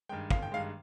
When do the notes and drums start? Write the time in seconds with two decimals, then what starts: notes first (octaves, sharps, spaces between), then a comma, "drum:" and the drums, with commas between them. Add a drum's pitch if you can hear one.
0.09 G2 D#3 G#3 G5
0.30 G1 F5, drum: kick
0.42 G5
0.52 G2 D#3 G#3 F5